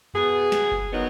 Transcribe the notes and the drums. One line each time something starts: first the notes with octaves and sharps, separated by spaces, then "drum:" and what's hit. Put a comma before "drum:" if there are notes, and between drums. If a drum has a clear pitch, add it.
B2 B3 G#4, drum: tom F2
drum: snare
drum: kick F#1
D#3 F#3 B3 D#4